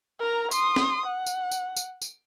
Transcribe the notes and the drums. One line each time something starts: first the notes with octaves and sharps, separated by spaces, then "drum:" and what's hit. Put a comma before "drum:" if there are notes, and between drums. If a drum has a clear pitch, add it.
A#4 A#5
C6 D#6, drum: tambourine
drum: snare
F#5
drum: tambourine
drum: tambourine
drum: tambourine
drum: tambourine